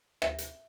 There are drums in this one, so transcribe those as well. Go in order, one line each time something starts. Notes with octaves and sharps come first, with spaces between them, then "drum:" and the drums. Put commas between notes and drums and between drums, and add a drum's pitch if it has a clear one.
E5, drum: rim click
drum: hi-hat